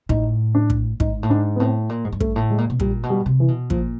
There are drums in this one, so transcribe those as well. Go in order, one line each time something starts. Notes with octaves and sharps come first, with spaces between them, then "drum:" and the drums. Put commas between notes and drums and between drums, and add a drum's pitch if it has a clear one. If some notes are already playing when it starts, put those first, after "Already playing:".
A2 D#4, drum: kick
D4
drum: kick
G#2 D#4, drum: kick
A2
G#2 D4
B3
A2 C4
A#2
G#2
G2
A3, drum: kick
A2
G#3
A#2
B2
A#2 G3, drum: kick
B2
G3
C3
E3
B2
A#2 F3, drum: kick